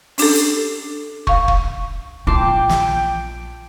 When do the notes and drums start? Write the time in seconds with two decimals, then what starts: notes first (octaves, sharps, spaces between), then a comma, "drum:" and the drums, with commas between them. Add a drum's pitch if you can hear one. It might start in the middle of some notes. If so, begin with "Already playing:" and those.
0.18 C#4 D4 G4 A4, drum: open hi-hat
0.35 drum: hi-hat
1.27 F5 C#6, drum: kick
1.48 drum: kick
2.27 A#1 F4 G5 A5 C6 D6
2.69 drum: snare